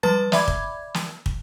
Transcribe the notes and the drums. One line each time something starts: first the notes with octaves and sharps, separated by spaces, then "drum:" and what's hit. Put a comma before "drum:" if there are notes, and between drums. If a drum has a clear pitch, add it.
F3 G3 B4 A5 A6
D5 E5 B5 D6 G#6, drum: snare
drum: kick
drum: snare
drum: kick